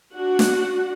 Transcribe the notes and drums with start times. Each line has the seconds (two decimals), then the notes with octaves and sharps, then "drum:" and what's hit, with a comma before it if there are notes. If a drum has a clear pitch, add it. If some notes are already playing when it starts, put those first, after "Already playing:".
0.15 D4 F#4 F#5
0.39 drum: snare